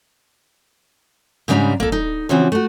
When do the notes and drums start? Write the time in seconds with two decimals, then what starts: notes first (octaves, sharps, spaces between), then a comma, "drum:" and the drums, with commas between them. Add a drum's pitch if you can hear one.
1.48 G#2 C#3 G3 D4 A#5
1.80 A#3 A4, drum: kick
1.92 D#4
2.29 C#3 E3 F3 C4 F#4
2.52 A3 F#4